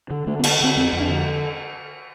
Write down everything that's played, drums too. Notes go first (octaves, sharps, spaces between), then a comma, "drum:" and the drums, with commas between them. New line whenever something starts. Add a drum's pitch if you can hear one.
D3
D3 A3
B3
D3, drum: cymbal
D3 C4
F2 C4
F2
D4
D3